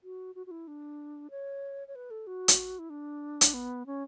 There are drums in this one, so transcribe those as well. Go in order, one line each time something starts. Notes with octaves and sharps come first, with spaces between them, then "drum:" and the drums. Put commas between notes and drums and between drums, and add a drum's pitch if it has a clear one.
F#4
F#4
F#4
E4
D4
C#5
C#5
B4
A4
F#4
drum: hi-hat
E4
D4
drum: hi-hat
B3
C#4